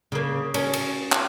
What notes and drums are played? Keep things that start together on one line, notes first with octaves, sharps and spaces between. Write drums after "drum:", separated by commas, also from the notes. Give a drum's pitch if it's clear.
C#3 A#3
C#4, drum: cymbal
drum: cymbal
drum: clap